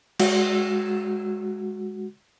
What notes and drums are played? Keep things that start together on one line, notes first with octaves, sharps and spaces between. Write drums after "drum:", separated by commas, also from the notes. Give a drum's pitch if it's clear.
G#3 F#4, drum: cymbal